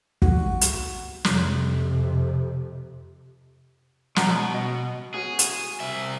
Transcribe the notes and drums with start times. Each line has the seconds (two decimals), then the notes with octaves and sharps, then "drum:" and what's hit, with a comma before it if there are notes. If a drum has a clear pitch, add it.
0.22 F#4, drum: kick
0.61 drum: hi-hat
1.24 F2 C3, drum: snare
4.16 B2 F#5 A5 A#5, drum: snare
4.51 F#4 D#5
5.14 C#4 F#4 G#4 B4
5.39 drum: hi-hat
5.80 C2 E5